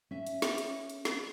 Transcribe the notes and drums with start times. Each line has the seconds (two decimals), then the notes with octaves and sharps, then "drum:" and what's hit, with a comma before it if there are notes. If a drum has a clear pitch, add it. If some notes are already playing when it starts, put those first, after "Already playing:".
0.11 C#4 E5
0.27 drum: hi-hat
0.42 drum: snare
0.58 drum: hi-hat
0.90 drum: hi-hat
1.05 drum: snare